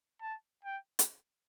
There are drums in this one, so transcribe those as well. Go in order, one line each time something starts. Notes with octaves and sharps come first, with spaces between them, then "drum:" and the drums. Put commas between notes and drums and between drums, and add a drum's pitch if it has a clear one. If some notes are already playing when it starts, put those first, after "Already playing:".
A5
G5
drum: hi-hat